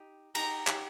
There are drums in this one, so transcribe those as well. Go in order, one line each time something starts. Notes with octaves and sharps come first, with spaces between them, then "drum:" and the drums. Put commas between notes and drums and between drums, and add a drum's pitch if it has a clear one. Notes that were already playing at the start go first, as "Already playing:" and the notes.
Already playing: D#4 G4
D#4 G4 A#5, drum: cymbal
D#4 G4, drum: clap